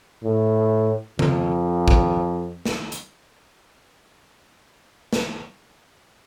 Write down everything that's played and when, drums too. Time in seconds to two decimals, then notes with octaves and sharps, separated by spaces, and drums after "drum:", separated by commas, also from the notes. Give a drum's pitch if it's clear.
0.23 A2
1.19 F2, drum: tom C#3
1.88 drum: kick
2.65 drum: snare
2.92 drum: hi-hat
5.13 drum: snare